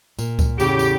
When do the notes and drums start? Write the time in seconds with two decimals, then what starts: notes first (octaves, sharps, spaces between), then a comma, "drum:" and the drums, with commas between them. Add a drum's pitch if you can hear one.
0.19 A#2, drum: tambourine
0.39 drum: kick C#2, tambourine
0.60 E2 A2 C#3 G4, drum: tambourine
0.79 drum: tambourine